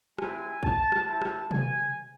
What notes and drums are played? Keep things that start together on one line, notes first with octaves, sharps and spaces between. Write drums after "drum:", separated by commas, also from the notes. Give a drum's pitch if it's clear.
G#3 C4 E4 G#5, drum: rim click
A5, drum: kick
drum: rim click
C4 E4 A5
drum: rim click
G#5, drum: tom B2